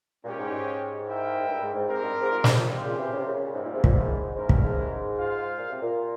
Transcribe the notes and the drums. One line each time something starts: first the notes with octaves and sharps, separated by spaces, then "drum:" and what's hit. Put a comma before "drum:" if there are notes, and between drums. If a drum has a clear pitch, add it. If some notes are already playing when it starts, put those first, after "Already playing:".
A#2 G#3 C#4 G4 C#5
G#2
G#2
E4 A#4 E5 G5
G#2
G2
G#2
G#2
G#2 C4 G4 A#4
G2
G#2
A#2
G#2 C3, drum: snare
A#2
G#2 C3 C4 G4 C5 F5
A#2 C#3
C3 E3
C#3
C3
A#2 C#3
C#3
G#2 C3 G3 A#3 C#4 E4
A#2
G#2 C3
A#2, drum: kick
G#2
G#2 G#3 C#4 E4 A#4
G2, drum: kick
G#2
F4 C5 F5
A#2
C3
A#2